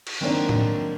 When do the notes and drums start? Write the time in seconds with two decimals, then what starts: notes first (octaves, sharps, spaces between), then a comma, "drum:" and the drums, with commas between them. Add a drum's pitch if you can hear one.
0.07 drum: cymbal
0.21 D#3 F#3 A#3 C4 D4 D#4
0.49 drum: tom